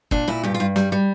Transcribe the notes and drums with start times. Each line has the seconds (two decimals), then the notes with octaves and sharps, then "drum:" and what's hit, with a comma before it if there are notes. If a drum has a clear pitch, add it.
0.11 A#2 D4, drum: kick
0.28 A#2 E4
0.43 G2 G4
0.54 F4
0.60 G2
0.76 G3, drum: snare
0.92 G3